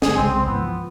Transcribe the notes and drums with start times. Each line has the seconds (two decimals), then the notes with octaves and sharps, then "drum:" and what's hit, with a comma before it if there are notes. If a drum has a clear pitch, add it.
0.02 G1 G#4, drum: snare
0.17 C2 C#3 G#3 C4
0.34 C4
0.46 C#2 G#2 E3 B3
0.61 F3